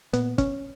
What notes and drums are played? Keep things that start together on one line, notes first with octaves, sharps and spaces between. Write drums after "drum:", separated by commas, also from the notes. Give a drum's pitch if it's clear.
A#2 B3, drum: hi-hat
C#4, drum: kick, hi-hat